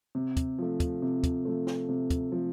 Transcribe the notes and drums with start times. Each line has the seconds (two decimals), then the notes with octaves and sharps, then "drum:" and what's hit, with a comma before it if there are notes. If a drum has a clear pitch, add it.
0.15 C3
0.37 drum: kick, hi-hat
0.58 F3 A3
0.80 drum: kick, hi-hat
1.02 C3
1.24 drum: kick, hi-hat
1.45 F3 A3
1.67 drum: snare
1.89 C3
2.10 drum: kick, hi-hat
2.32 F3 A3